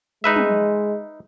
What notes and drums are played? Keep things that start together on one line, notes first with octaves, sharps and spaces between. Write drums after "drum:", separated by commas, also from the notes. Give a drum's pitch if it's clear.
G#3 D#4 B4 E5
drum: tom